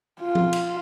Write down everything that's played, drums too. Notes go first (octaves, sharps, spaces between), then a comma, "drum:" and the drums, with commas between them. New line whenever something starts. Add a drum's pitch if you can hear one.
F4
drum: tom F3
drum: cymbal